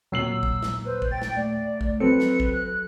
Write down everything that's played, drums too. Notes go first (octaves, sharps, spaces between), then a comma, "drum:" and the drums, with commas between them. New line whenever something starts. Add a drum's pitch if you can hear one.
D#2 A#2 F#3 E6 C7 F#7
drum: kick
drum: snare
B4 C5
drum: kick
G5 A6
drum: snare
A3 D5
drum: kick
F#3 C4 A4 B4 C#7
drum: snare
drum: kick
F#6